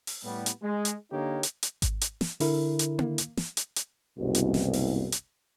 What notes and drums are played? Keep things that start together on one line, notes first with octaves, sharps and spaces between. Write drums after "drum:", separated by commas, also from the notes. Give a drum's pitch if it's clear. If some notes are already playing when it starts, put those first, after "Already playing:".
drum: open hi-hat
A2 G3 B3
drum: hi-hat
G#3
drum: hi-hat
D3 A#3 D#4 G4 A#4 C#5
drum: hi-hat
drum: hi-hat
drum: kick G#1, hi-hat
drum: hi-hat
drum: snare
D3 E4 A#4, drum: open hi-hat
drum: hi-hat
drum: tom A#3
drum: hi-hat
drum: snare
drum: hi-hat
drum: hi-hat
F#1 C2 B2
drum: hi-hat
drum: snare
drum: open hi-hat
drum: hi-hat